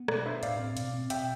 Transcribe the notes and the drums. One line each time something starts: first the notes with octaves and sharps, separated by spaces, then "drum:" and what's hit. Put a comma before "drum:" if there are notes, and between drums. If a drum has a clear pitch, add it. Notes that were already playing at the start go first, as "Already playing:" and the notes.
Already playing: B3
B2 B4 D5, drum: rim click
D4 C5 E5
A2 D5 F5, drum: hi-hat
C4
B2, drum: hi-hat
C4
B2 E5 G5, drum: hi-hat